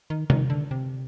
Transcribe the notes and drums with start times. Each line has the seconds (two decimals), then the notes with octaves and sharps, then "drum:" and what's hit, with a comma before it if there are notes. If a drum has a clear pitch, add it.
0.10 D#3
0.30 D#3, drum: tom C3
0.50 D3
0.71 C3